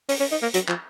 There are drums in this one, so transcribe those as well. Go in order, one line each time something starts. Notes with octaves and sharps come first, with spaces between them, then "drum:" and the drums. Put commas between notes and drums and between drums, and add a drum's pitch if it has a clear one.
C#4, drum: open hi-hat
C#4
D#4
A#3
F#3, drum: hi-hat
F3, drum: clap